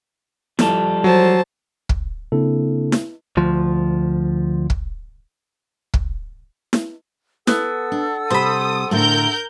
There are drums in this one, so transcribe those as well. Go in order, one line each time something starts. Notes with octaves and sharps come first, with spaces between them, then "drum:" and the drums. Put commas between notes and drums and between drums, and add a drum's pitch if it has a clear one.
F3 G3 A4, drum: snare E4
F#3 C5 A5
drum: kick
C#3 A#3 C4 D4 E4 A4
drum: snare E4
D2 F3
drum: kick
drum: kick
drum: snare E4
B3 A4 F#5 E6, drum: snare E4
D4
C3 G3 C5 B5 D#6
A2 D3 A3 A#4 G6